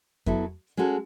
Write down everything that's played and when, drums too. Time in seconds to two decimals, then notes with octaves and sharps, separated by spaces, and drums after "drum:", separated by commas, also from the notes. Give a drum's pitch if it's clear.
0.26 F#3 B3 E4 A4, drum: kick F2
0.77 G#3 C#4 F#4 A4